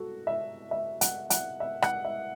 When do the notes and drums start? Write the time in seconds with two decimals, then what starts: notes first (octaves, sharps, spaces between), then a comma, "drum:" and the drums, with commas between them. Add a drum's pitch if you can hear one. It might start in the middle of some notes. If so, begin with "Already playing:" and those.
Already playing: F#4 A4
0.27 E5
0.71 E5
1.01 F#5, drum: hi-hat
1.30 F#5, drum: hi-hat
1.60 E5
1.82 F#5, drum: rim click
2.05 E5